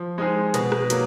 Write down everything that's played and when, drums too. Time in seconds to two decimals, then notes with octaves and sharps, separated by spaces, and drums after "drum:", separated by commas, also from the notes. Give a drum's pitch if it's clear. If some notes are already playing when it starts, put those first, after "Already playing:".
Already playing: F3
0.18 G#3 C4 D#4 G#4
0.54 B2, drum: hi-hat
0.72 drum: rim click
0.90 F#3 A#3, drum: hi-hat